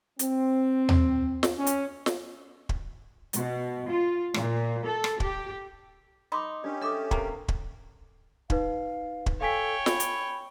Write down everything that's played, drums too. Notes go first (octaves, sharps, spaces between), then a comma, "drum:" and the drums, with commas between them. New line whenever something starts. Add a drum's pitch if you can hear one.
C4, drum: hi-hat
drum: tom D#2
drum: snare
C#4
drum: hi-hat
drum: snare
drum: kick
B2, drum: hi-hat
F4
A#2, drum: rim click
A4
drum: rim click
G4, drum: kick
D#4 B5 C6 D6
C#4 D4 G4 D5
D4 A4 E5 D6 D#6
C3 A#3, drum: kick
drum: kick
D#4 B4 F5, drum: kick
drum: kick
A4 C#5 F5 G5 G#5 B6
B5, drum: snare
drum: hi-hat